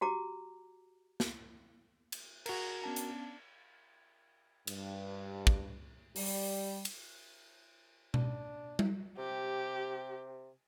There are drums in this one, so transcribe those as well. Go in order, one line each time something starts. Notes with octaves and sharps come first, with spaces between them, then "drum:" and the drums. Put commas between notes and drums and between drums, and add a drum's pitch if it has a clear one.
F#4 G4 A#5 D6
drum: snare
drum: cymbal
F#4 G#4 A#4 A#5, drum: cymbal
B3 C#4 D4 A5
drum: hi-hat
G2, drum: cymbal
drum: kick
G3, drum: open hi-hat
drum: cymbal
D4, drum: tom B2
drum: tom G3
C3 G4